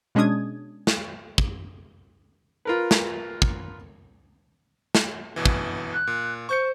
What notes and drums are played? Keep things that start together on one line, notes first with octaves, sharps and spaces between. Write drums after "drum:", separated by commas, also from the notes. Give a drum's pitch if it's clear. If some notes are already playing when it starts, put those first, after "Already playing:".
B2 G#3 C#4 D4 D#6 G#6
drum: snare
drum: kick
F4 A#4 B4
drum: snare
drum: kick
drum: snare
G1 B2 E3
drum: kick
F#6
A#2
C5 C#6 G6 C#7